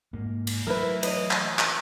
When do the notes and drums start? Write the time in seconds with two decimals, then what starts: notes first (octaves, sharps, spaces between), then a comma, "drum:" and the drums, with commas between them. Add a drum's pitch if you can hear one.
0.13 G#2 A#3
0.47 drum: cymbal
0.67 E3 F#3 A3 E4 A#4 B4
1.03 B4 C#5 D#5, drum: cymbal
1.31 drum: clap
1.59 drum: clap